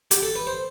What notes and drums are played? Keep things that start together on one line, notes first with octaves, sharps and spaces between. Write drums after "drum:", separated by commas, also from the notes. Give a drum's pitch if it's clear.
G4, drum: hi-hat
A4
B4
C5